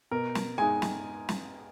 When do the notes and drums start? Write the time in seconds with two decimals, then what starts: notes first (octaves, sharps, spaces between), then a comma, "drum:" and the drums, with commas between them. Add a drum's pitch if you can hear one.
0.11 B2 A#4
0.35 drum: snare
0.58 G#3 D#4 G#5
0.82 drum: snare
1.29 drum: snare